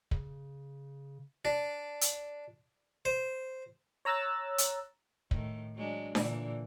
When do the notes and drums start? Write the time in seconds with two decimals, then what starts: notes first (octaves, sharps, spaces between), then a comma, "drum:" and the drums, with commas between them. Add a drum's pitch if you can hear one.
0.11 C#3, drum: kick
1.45 D4
2.01 drum: hi-hat
3.05 C5
4.05 C#5 A#5 E6 F#6 A6
4.58 drum: hi-hat
5.31 A2 D#3, drum: kick
5.76 F#3 G#3 D4
6.15 A#2 D3 E3, drum: snare D4